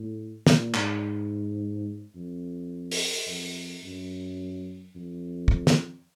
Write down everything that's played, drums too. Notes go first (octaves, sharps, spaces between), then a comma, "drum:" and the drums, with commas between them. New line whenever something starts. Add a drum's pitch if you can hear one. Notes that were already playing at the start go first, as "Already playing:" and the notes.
Already playing: A2
A#2, drum: snare
G#2, drum: clap
F2
drum: open hi-hat
F2
F#2
F2
drum: kick
drum: snare